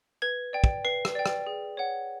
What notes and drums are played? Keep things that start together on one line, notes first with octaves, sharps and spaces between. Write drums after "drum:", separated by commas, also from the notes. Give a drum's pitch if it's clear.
B4 G#6
D5 G5
drum: kick
B4 C7
drum: rim click
D5 G5
drum: rim click
G#4
C#5 F#5